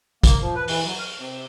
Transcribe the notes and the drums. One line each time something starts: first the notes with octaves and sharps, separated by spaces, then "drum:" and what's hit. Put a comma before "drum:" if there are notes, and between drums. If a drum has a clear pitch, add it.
A#3, drum: kick, hi-hat
F3
B4
E3, drum: open hi-hat
F#3
F6
C3